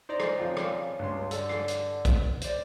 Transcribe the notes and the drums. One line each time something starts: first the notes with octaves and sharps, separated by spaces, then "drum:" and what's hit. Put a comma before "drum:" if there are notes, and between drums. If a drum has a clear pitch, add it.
D#4 C5 D5 A#5
drum: rim click
F2 C#3 F4 G5
drum: rim click
C#2 G2 C6
D3 A4, drum: hi-hat
drum: rim click
drum: hi-hat
drum: kick, hi-hat
C5 D5, drum: hi-hat